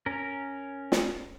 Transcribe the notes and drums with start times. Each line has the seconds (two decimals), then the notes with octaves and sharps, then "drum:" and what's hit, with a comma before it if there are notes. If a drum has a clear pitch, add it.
0.06 C#4 A#4
0.92 drum: snare